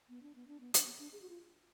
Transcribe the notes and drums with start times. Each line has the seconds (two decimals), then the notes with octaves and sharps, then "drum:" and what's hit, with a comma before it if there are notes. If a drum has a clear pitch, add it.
0.09 B3
0.22 D4
0.35 B3
0.47 D4
0.60 B3
0.74 D4, drum: hi-hat
0.86 B3
0.99 D4
1.13 G#4
1.22 F#4
1.29 F4